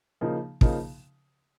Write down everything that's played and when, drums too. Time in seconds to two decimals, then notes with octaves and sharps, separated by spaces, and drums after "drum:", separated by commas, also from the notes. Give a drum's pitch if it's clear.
0.21 C#3 F3 A#3 D#4
0.61 C#3 F3 A#3 D#4, drum: kick